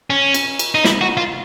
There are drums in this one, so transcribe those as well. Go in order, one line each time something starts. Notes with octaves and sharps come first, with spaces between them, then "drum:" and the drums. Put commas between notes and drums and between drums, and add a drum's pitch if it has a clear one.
C#4
drum: cymbal
drum: cymbal
D#4
E4, drum: snare
F#4
F4